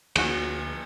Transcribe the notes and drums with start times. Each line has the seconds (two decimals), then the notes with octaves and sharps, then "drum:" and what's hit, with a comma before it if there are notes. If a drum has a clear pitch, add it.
0.16 D2 F3 A#3 C#4 F#4, drum: cymbal